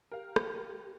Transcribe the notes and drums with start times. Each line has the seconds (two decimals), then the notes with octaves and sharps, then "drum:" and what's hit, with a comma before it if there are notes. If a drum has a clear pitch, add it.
0.12 G4 A#4 F5
0.36 drum: rim click